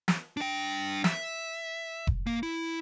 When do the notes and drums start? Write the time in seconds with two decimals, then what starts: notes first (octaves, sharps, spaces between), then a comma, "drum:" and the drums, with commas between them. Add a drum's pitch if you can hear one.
0.08 drum: snare
0.37 D4 G5
1.04 E5, drum: snare
2.07 drum: kick F1
2.27 A#3
2.43 E4